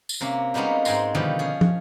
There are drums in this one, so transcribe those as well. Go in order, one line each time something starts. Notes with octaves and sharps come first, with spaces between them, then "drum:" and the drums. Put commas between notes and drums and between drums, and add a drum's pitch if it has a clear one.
drum: tambourine
C3 A#3 C#4
G3 G#3 A#3 B3 C#4 D#4
G#2 C4 G#5 A#5 C6, drum: tambourine
B2 D3 D#3 F3 G3
C#4 G#4
drum: tom